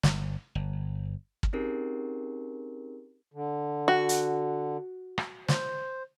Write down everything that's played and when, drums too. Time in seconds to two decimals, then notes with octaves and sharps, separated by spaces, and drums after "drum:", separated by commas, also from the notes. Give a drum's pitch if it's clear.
0.03 G1, drum: snare
0.55 G1
1.43 drum: kick
1.53 C4 C#4 D#4 G4 G#4 A#4
3.34 D3
3.88 F#4
4.09 drum: hi-hat
5.18 drum: rim click
5.48 C5, drum: snare